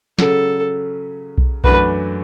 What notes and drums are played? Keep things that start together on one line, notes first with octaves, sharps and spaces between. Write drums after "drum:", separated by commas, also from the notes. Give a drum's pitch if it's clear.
C#3 F#3 C#4 A4, drum: snare
drum: kick B1
F#2 E3 A3 D4 F#4 B4, drum: kick B1